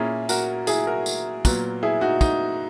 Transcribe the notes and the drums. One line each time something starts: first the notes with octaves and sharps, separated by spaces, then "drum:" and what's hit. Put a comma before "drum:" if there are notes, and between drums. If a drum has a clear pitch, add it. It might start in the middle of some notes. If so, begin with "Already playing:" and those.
Already playing: A#2 A#3 C#4 E4 G#4
F#4 A#4, drum: tambourine
E4 G#4, drum: tambourine
F#4 A#4
drum: tambourine
A#2 F#3 B3, drum: kick, tambourine
E4 G#4
D#4 F#4
D#4, drum: kick, tambourine